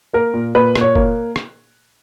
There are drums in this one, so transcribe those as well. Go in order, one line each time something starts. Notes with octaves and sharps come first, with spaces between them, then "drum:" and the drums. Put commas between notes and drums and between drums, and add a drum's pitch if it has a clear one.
A#3 A#4
A#2
A#2 B4
A#2, drum: rim click
C#5
A#3, drum: kick F#1
drum: rim click